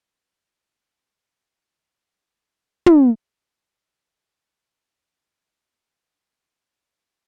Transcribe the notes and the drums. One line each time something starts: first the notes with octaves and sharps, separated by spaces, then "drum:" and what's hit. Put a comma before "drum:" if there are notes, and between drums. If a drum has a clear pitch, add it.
F6 G6 A#6 B6 C#7 D7
D6
drum: tom
B2 D#3 D4
D4 A#4 D5